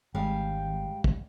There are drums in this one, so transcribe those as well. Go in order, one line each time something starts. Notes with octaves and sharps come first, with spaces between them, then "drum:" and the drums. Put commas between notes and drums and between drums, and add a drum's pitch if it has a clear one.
G#1 G3 G#3 F5 G5
drum: kick